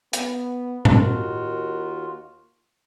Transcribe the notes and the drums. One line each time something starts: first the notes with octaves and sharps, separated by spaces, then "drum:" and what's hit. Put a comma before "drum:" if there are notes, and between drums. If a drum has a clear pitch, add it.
B3, drum: hi-hat
D#2 F4 F#4 A#4, drum: tom A2